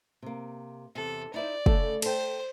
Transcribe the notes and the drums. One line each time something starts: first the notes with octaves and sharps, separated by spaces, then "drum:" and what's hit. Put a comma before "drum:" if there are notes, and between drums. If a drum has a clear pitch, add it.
C3 A#3
E2 C3 A4
D#4 E4 C5 D5
C#3 A3 A4, drum: kick
A4 C5 G5, drum: cymbal